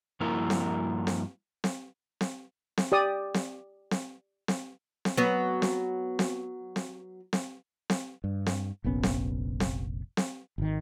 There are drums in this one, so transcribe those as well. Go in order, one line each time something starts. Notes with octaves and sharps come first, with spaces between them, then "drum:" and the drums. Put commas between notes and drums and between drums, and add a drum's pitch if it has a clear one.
G2 F3 A#3 E4 F#4 A#4
drum: snare C4
drum: snare C4
drum: snare C4
drum: snare C4
drum: snare C4
G4 D5 D#6
drum: snare C4
drum: snare C4
drum: snare C4
drum: snare C4
F#3 B3
drum: snare C4
drum: snare C4
drum: snare C4
drum: snare C4
drum: snare C4
G2
drum: snare C4
F1 A#1 B3 C#4
drum: snare C4
drum: snare C4
drum: snare C4
G#1 D#3